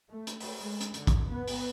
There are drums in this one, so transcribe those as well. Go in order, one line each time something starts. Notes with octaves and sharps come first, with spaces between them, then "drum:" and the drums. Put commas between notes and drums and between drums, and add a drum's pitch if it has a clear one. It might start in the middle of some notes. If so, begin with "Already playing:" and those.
A3
drum: hi-hat
drum: open hi-hat
G#3
drum: hi-hat
D3, drum: hi-hat
drum: kick, hi-hat
B3
drum: open hi-hat